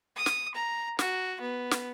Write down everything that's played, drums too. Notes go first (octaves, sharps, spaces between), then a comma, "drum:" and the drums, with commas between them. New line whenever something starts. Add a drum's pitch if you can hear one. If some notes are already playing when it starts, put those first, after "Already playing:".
D#6
drum: snare
A#5
F#4, drum: snare
B3
drum: snare